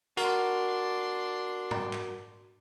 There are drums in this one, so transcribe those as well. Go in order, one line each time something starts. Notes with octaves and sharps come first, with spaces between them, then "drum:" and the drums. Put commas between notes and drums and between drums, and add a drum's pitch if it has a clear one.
D4 F#4 A#4 C6, drum: hi-hat
drum: tom
drum: clap